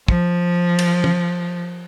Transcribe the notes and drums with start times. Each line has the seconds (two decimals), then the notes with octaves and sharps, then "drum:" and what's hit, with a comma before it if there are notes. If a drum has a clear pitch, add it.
0.08 F3, drum: kick
0.79 drum: cymbal
1.04 drum: tom